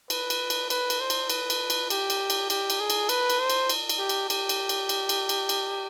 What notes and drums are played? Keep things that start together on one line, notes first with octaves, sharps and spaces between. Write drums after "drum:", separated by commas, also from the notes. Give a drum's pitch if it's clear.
B4, drum: cymbal
drum: cymbal
drum: cymbal
B4, drum: cymbal
drum: cymbal
C5
drum: cymbal
B4, drum: cymbal
drum: cymbal
drum: cymbal
G4, drum: cymbal
drum: cymbal
drum: cymbal
G4, drum: cymbal
drum: cymbal
G#4
drum: cymbal
B4, drum: cymbal
drum: cymbal
C5
drum: cymbal
drum: cymbal
drum: cymbal
G4
drum: cymbal
G4, drum: cymbal
drum: cymbal
drum: cymbal
drum: cymbal
drum: cymbal
drum: cymbal
drum: cymbal